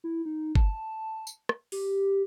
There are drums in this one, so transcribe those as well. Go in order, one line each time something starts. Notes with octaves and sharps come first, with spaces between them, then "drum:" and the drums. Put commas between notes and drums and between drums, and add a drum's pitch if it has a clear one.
E4
D#4
A5, drum: kick G1
drum: tambourine
drum: rim click
G4, drum: open hi-hat